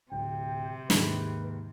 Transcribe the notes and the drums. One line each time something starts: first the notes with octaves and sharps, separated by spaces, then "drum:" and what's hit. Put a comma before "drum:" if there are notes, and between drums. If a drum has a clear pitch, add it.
D1 C3 G5
D#2 G#2 D#3 B4, drum: snare